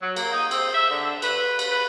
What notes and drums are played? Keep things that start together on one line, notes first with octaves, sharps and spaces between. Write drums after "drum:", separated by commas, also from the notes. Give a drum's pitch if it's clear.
F#3
A#3, drum: cymbal
D#4
C4, drum: cymbal
E5
D3
B4, drum: cymbal
drum: cymbal
B4